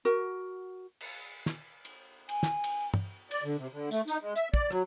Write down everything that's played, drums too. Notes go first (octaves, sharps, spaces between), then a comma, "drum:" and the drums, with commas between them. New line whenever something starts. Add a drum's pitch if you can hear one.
F#4 A#4
drum: cymbal
drum: snare
drum: cymbal
G#5, drum: cymbal
drum: snare
drum: cymbal
drum: tom
D5, drum: cymbal
D3
C3
D3
A3, drum: tambourine
D#4, drum: tambourine
G#3
E5, drum: hi-hat
D5, drum: kick
F#3, drum: rim click